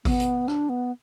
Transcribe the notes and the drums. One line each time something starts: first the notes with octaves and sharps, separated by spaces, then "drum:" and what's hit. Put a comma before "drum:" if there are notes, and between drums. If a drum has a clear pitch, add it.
B3, drum: kick G#1, open hi-hat
drum: hi-hat
D4, drum: rim click
B3